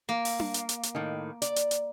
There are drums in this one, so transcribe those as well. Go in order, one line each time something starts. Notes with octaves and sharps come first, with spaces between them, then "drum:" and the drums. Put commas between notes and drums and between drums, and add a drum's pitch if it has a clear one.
A#3
drum: open hi-hat
drum: tom D4
drum: hi-hat
drum: hi-hat
drum: hi-hat
A2 D#3
D5, drum: hi-hat
drum: hi-hat
drum: hi-hat